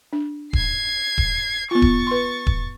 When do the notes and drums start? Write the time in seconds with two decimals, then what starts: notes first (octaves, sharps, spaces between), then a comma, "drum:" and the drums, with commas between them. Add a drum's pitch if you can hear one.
0.13 D4
0.53 G#6 C7, drum: kick D#1
1.18 drum: kick D#1
1.71 B3 F4 C#6 A6
1.82 drum: kick D#1
2.07 B4 C6
2.47 drum: kick D#1